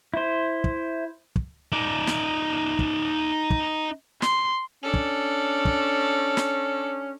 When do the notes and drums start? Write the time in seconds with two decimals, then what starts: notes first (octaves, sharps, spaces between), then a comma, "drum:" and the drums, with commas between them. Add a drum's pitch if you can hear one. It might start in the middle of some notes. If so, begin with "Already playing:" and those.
0.14 E4 C5
0.64 drum: kick
1.36 drum: kick
1.72 D#4 D5
2.07 drum: snare
2.79 drum: kick
3.50 drum: kick
4.22 C6, drum: snare
4.83 C#4 D4 A4
4.94 drum: kick
5.65 drum: kick
6.37 drum: snare